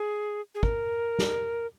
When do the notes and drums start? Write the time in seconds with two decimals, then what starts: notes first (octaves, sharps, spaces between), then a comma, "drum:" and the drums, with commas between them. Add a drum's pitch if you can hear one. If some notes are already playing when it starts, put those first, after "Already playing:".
Already playing: G#4
0.55 G#4
0.63 A#4, drum: kick
1.19 drum: snare